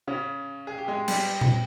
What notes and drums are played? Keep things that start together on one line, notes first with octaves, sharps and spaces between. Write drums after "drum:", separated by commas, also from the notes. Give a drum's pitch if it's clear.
C#3 C#4
G#4
G4
G#3 G#4
G3 G4, drum: cymbal
drum: tom A#2